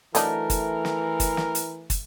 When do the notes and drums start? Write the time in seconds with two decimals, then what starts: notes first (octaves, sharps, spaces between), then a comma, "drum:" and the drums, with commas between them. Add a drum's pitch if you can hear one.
0.15 E3 F#3 A3 D4 D#4 A#4, drum: hi-hat
0.50 drum: kick, hi-hat
0.85 drum: snare
1.20 drum: kick, hi-hat
1.37 drum: snare
1.55 drum: hi-hat
1.90 drum: kick, hi-hat